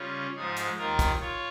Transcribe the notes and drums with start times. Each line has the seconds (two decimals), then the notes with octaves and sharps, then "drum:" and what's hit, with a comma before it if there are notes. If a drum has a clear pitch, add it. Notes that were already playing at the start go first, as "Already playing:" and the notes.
Already playing: C#3 G3 C#4 F4
0.35 G#2 F3 G#3 D#4 G#4
0.56 drum: hi-hat
0.77 D#2 D#3 A#3 F4 A#4
0.99 drum: kick, hi-hat
1.20 F4 C#5